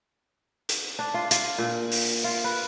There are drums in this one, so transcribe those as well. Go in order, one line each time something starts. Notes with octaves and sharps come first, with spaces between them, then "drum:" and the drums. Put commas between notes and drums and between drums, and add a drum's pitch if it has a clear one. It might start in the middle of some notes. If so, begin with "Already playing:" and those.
drum: hi-hat
D4
F4
F4, drum: hi-hat
A#2
drum: open hi-hat
F4
B4